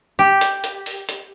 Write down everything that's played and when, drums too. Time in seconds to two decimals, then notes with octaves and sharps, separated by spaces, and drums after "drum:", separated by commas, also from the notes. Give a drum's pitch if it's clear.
0.19 G4
0.41 drum: hi-hat
0.64 drum: hi-hat
0.86 drum: open hi-hat
1.09 drum: hi-hat